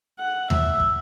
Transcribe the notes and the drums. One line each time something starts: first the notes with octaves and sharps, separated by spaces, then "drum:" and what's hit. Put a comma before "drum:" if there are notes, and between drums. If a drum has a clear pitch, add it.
F#5
E5, drum: tom D#2
drum: kick